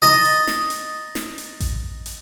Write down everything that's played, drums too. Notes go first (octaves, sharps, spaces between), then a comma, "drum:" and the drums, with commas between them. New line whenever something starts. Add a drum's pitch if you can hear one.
D#5 A5 A#5, drum: tom D#4
drum: hi-hat
drum: snare
drum: hi-hat
drum: snare
drum: hi-hat
drum: kick A1, hi-hat
drum: hi-hat